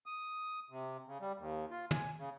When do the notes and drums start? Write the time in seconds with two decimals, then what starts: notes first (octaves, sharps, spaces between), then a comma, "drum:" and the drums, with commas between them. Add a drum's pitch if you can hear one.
0.06 D#6
0.70 C3
1.07 C#3
1.20 G3
1.38 D#2
1.71 F4
1.91 G#5, drum: tom
2.18 C#3